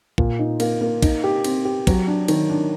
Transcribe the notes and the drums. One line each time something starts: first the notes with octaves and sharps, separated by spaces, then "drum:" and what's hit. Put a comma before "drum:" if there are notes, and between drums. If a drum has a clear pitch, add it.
A#2, drum: kick A#1
D#4
A#3, drum: cymbal
A#3
D#4, drum: kick A#1, cymbal
G4
C4, drum: cymbal
G4
F#3, drum: kick A#1, cymbal
D4
D#3, drum: cymbal
D4